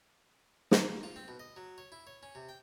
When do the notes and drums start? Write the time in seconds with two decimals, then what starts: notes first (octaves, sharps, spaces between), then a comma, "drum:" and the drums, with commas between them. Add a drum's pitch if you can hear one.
0.71 A#3, drum: snare
1.03 F4
1.16 C4
1.28 B2
1.39 D#5
1.56 F#3
1.78 C#5
1.92 E4
2.07 C#5
2.23 C#4
2.35 C3
2.49 G5